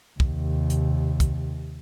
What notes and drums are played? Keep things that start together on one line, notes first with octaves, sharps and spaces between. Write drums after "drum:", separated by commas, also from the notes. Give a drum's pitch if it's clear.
D#2 C3, drum: kick
drum: hi-hat
drum: kick, hi-hat